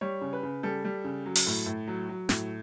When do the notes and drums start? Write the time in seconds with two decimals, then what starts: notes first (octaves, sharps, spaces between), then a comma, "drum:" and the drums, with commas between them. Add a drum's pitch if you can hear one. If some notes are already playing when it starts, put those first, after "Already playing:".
0.01 G3 C#5
0.21 C#3
0.33 B4
0.43 C#3
0.63 G3 A4
0.85 G3
1.04 C#3
1.26 F#3
1.35 drum: open hi-hat
1.47 A2
1.66 A2
1.88 F#3
2.09 F#3
2.29 A2, drum: snare